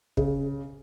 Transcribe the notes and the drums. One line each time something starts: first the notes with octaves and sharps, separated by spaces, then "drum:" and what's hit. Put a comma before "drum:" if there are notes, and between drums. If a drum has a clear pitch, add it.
C#3, drum: kick